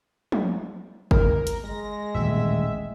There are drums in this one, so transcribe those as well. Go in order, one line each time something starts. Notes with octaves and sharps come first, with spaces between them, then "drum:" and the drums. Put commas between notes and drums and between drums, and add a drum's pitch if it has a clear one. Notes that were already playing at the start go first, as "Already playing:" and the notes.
drum: tom
A#4, drum: kick G1
drum: hi-hat
G#3 A#6
D#1 A1 E5